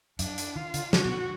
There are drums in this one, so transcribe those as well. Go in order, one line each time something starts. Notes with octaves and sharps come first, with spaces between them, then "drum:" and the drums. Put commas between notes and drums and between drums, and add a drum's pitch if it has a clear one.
F#2 D4, drum: hi-hat
drum: hi-hat
D#3 F4
D3, drum: hi-hat
D3 F#4, drum: snare
B2